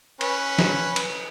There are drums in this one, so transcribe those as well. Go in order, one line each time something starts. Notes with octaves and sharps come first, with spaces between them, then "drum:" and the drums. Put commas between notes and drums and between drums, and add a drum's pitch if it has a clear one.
C#4 B4, drum: cymbal
drum: snare
drum: cymbal